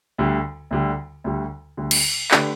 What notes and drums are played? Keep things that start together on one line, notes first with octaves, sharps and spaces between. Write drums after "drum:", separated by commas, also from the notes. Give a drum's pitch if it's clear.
D2 D3 G3
D2 D3 G3
D2 D3 G3
D2 D3 G3
drum: cymbal
D3 A3 D4 G4 B4, drum: clap